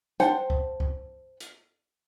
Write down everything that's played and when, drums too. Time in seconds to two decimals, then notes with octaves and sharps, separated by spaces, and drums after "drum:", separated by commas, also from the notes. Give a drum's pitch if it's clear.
0.20 C5 F#5 G5 A5, drum: hi-hat
0.50 drum: kick C#2
0.80 drum: kick C#2
1.40 drum: hi-hat